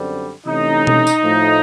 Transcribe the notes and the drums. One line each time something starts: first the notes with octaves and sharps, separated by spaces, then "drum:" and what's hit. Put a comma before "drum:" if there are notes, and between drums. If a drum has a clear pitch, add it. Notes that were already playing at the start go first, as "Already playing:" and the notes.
Already playing: F#2 D3 G3 C4
C3 E3 A3 C#4 D#4
drum: tom B2
drum: tambourine
A2 F3 A3